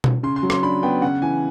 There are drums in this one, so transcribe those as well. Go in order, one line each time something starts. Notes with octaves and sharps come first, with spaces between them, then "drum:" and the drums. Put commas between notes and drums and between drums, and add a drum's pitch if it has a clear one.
drum: tom B2
C#3 C6
C6
F#3
C6, drum: rim click
D4 B5
B3 G5
C#3 F#5
E3 G#5